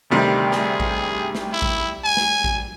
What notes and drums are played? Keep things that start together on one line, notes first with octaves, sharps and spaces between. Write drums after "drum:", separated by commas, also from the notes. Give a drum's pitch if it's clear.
D2 C3 D#3 G3
G#4, drum: snare
drum: kick A1
drum: snare
E4
drum: kick A1
G#5
drum: snare
drum: kick A1